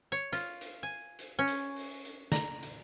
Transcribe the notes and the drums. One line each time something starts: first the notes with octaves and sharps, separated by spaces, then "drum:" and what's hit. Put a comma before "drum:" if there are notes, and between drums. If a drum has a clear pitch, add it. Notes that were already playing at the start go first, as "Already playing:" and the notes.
C#5
F4, drum: hi-hat
drum: hi-hat
G#5
drum: hi-hat
C#4
drum: hi-hat
drum: open hi-hat
drum: hi-hat
A#5, drum: snare
drum: hi-hat